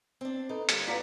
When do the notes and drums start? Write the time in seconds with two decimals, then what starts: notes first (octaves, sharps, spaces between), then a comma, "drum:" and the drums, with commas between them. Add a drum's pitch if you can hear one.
0.21 C4 D4
0.49 D#4 A4 B4
0.69 D3 G3 A#3, drum: hi-hat
0.88 F4 B4 D5 F5 F#5 A#5 B6